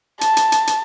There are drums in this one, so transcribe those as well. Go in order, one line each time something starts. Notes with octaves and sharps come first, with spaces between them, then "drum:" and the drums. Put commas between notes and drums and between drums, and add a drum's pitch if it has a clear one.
A5, drum: hi-hat
drum: hi-hat
drum: hi-hat
drum: hi-hat